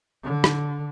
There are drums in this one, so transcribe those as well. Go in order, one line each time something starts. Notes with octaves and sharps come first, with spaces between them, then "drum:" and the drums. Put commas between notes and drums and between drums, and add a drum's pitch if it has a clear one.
D3
drum: rim click